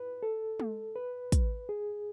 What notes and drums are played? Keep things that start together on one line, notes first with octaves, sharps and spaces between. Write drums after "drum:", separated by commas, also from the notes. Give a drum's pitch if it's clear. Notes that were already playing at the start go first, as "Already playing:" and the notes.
Already playing: B4
A4
drum: tom G#3
B4
drum: kick, hi-hat
G#4